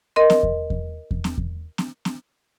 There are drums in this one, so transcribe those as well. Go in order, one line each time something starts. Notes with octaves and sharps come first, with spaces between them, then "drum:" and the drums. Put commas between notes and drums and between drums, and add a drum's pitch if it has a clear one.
A#4 D#5 C6
drum: snare
drum: kick E2
drum: kick E2
drum: kick E2
drum: snare
drum: kick E2
drum: snare
drum: snare